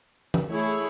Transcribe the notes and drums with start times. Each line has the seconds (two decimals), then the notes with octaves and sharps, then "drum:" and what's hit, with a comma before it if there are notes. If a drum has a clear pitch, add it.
0.34 drum: tom E3
0.51 A3 E4 G#4 C#5